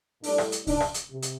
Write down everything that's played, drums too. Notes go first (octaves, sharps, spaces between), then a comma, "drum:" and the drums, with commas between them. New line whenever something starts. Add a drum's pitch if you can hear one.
A2 G3 D4, drum: open hi-hat
drum: rim click
drum: hi-hat
D4, drum: kick C2, open hi-hat
drum: rim click
drum: hi-hat
C3
drum: hi-hat